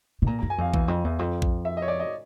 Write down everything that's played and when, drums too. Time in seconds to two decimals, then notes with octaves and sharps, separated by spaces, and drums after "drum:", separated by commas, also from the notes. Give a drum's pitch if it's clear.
0.22 B2
0.27 A#2 A#5
0.39 F#2 A#5
0.50 G#5
0.58 F2 F5
0.74 E2, drum: kick A#1
0.88 F2
1.04 E2
1.19 F2
1.42 drum: kick A#1
1.65 E5
1.77 D#5
1.82 C#5
1.88 D5
2.00 D#5